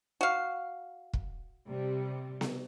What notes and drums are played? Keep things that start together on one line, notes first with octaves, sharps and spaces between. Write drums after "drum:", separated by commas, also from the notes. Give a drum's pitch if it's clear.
F#4 F5
drum: kick
C3 G3
drum: snare B3